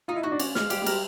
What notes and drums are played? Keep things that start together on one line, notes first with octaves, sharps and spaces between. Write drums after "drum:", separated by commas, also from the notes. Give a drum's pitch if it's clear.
D#4 F4
E4
D#4 F#4
D4
C#4 D5, drum: cymbal
G#3 F5, drum: snare
G3 G4, drum: cymbal
G#3
G3 A#4, drum: cymbal